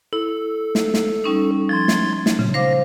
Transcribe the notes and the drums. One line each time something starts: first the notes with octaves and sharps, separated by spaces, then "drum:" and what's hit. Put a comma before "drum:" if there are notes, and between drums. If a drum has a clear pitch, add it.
E4 A4
drum: snare
drum: snare
G3 C#4 D#4
F3 C6 G#6 A6
drum: snare
drum: snare
A#2 C#3 F#3
C5 F5 D6 A#6